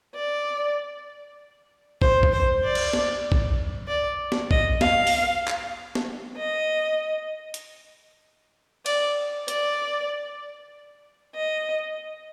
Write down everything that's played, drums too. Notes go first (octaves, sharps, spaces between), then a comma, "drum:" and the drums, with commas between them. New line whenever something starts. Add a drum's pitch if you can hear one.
D5
C5, drum: kick
drum: kick
C5
D5
drum: cymbal
drum: snare
drum: kick
D5
drum: snare
D#5, drum: kick
F5, drum: snare
drum: open hi-hat
drum: clap
drum: snare
D#5
drum: hi-hat
D5, drum: cymbal
D5, drum: hi-hat
D#5